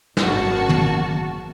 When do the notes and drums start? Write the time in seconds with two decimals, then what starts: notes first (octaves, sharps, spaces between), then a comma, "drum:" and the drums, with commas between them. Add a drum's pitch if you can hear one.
0.17 G#1 F#2 A#3 F#4 A5, drum: snare
0.69 drum: tom